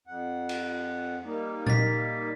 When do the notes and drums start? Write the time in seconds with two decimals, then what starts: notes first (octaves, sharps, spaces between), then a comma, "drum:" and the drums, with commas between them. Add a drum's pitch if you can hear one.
0.07 F2 F#5
0.49 drum: cymbal
1.25 G3 A#3 D#4
1.67 A6 B6, drum: tom A#2